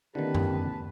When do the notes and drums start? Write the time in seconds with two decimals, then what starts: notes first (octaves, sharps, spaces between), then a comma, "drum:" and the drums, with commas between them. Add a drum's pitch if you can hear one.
0.15 D3 D#3 A#3 C4 E4 G4 B4 A5
0.35 drum: tom F#2